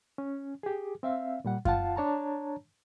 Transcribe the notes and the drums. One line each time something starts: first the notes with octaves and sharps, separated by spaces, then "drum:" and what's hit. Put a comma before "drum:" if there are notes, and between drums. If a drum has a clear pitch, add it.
C#4
G4 G#4
C4 E5 F5
A#2 G3 F#5
F4 F5 F#5 A5, drum: kick F#2
D4 C#5 A5 A#5